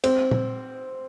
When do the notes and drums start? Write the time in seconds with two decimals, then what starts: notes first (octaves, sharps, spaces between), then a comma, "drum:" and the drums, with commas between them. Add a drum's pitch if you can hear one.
0.04 C4, drum: cymbal
0.31 drum: tom A#2